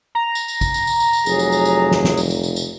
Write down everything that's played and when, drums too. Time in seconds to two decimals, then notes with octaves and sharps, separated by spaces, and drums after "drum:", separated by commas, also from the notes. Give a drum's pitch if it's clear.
0.15 A#5
0.35 drum: tambourine
0.48 drum: tambourine
0.61 drum: kick, tambourine
0.74 drum: tambourine
0.87 drum: tambourine
1.00 drum: tambourine
1.13 drum: tambourine
1.26 F1 F#3 G#4, drum: tambourine
1.39 drum: tambourine
1.52 drum: tambourine
1.65 drum: tambourine
1.91 drum: snare
2.04 drum: snare
2.17 drum: tambourine
2.30 drum: tambourine
2.43 drum: tambourine
2.56 drum: tambourine